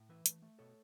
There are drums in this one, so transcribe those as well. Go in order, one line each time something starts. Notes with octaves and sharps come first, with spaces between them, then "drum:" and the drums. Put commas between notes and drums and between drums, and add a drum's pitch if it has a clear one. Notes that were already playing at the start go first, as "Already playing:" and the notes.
Already playing: A2
E3 B4 E5
A3, drum: hi-hat
A3
B2 A4 C#5